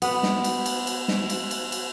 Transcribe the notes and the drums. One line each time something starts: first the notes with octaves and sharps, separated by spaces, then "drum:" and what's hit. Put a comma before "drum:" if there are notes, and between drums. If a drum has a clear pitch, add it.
B3 B4, drum: cymbal
drum: snare
drum: cymbal
drum: cymbal
drum: cymbal
drum: snare
drum: cymbal
drum: cymbal
drum: cymbal